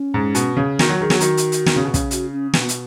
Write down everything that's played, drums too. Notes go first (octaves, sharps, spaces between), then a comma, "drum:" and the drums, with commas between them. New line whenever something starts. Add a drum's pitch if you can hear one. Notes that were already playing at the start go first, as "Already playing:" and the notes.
Already playing: C#4
G#2
B2, drum: hi-hat
C#3
D#3 F#4, drum: snare
F#3
D#3 G#4
F#3, drum: snare
D#3 F#4, drum: hi-hat
drum: hi-hat
drum: hi-hat
D#3, drum: snare
C#3
B2
C#3, drum: kick, hi-hat
F#4, drum: hi-hat
C#4
B2 B3, drum: snare
drum: hi-hat